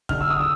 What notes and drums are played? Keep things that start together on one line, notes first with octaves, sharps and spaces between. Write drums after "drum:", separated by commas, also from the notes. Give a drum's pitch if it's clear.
D3 F6, drum: kick
E6
D#6
E6